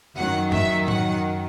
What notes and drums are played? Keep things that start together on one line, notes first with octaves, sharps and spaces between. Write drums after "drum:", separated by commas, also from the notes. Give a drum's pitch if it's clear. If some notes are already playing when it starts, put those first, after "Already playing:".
F#2 D#3 F#3 F#5
E5, drum: tom G2
F#5, drum: tom A2